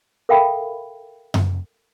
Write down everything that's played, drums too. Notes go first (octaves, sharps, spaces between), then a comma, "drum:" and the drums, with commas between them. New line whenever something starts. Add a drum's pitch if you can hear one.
A4 A#4 E5 F5 G5 B5
drum: tom F#2